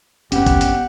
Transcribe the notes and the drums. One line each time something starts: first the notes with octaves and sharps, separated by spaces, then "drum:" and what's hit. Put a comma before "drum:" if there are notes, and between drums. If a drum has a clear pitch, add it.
F#1 B3 C#4 G4 F#5, drum: hi-hat
drum: kick A1, hi-hat
drum: hi-hat